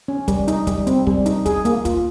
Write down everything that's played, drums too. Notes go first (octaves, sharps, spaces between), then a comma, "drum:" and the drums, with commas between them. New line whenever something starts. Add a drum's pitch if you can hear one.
C#4
G3, drum: kick, hi-hat
D#4, drum: hi-hat
G3, drum: kick, hi-hat
C4, drum: hi-hat
G3, drum: kick
D#4, drum: hi-hat
G#4, drum: kick, hi-hat
A#3, drum: hi-hat
F4, drum: kick, hi-hat